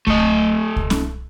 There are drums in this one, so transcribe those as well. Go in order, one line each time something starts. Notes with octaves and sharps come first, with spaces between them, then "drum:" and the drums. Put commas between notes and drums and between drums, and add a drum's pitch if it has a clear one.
A3 D#5, drum: kick C2
drum: kick C2
drum: snare C#4